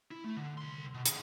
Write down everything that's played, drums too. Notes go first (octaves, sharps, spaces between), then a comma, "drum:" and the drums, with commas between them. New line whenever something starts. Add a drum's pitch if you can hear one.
E4
A3
D3
C2 C6
B2
D3 G#4, drum: hi-hat